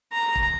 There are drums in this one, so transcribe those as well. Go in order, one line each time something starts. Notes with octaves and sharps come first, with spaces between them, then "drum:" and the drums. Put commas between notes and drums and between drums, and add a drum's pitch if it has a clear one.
A#5
drum: kick